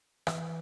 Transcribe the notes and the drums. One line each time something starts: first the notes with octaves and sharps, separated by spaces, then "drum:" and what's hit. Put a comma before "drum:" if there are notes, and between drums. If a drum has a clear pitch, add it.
E3, drum: rim click